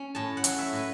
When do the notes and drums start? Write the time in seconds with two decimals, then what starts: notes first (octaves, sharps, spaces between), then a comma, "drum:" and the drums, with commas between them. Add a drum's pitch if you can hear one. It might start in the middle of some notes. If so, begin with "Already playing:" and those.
Already playing: C#4
0.15 A2 A5
0.37 F#5
0.44 F#3, drum: hi-hat
0.58 E5
0.73 A2 B4